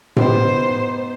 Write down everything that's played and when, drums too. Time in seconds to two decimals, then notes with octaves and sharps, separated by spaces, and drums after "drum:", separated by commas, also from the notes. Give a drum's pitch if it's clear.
0.16 B3 D#4 G4 C5, drum: tom A2